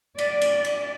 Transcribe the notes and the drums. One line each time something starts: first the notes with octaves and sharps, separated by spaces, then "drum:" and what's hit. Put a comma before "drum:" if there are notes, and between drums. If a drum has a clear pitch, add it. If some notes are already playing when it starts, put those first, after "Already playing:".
D5, drum: cymbal
drum: cymbal
drum: cymbal